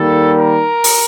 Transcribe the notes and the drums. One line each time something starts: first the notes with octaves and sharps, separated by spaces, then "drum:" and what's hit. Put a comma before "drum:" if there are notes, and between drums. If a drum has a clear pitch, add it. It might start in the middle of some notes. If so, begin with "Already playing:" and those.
Already playing: D#3 G3 A#3 A4
A#4
drum: open hi-hat